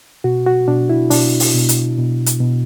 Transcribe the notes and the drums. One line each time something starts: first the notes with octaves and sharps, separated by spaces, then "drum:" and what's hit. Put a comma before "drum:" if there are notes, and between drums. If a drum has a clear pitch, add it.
B2 F#4
F#4
B2 D4
E4
B2 D4, drum: open hi-hat
drum: open hi-hat
B2
drum: hi-hat
B2
drum: hi-hat
B2